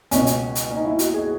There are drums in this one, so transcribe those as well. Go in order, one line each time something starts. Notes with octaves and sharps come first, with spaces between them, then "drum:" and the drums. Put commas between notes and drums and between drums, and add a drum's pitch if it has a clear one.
C#2 B2 C#4, drum: hi-hat
drum: hi-hat
drum: hi-hat
D#4
E4
F#4, drum: hi-hat
G#4